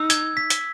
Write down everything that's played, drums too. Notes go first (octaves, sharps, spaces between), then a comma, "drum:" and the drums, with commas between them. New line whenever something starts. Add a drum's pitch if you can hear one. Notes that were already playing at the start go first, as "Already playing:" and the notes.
Already playing: D#4 E6
G#6, drum: hi-hat
B6
drum: hi-hat